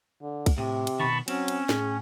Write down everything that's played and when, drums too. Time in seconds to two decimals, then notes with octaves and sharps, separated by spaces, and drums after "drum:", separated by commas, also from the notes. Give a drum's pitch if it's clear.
0.22 D3
0.46 drum: kick, cymbal
0.58 A2 C3
0.87 drum: cymbal
1.00 B2 D#3 A5 B5 C#6
1.28 F#3 C4 C#4, drum: cymbal
1.48 drum: cymbal
1.69 A2 G#4, drum: snare